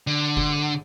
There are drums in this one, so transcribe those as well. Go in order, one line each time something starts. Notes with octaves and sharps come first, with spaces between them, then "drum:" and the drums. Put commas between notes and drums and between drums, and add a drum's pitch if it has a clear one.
D3
drum: kick F#1